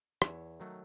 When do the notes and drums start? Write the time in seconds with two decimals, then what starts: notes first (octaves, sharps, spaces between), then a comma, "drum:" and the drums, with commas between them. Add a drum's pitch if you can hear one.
0.22 E2 C#5 E5, drum: rim click
0.60 D#3 F#3 A3